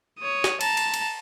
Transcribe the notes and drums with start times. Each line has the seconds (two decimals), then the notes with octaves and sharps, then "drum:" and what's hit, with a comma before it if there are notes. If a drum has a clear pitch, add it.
0.20 C#5 D#6
0.44 drum: snare
0.61 A5 A#5, drum: cymbal
0.77 drum: cymbal
0.94 drum: cymbal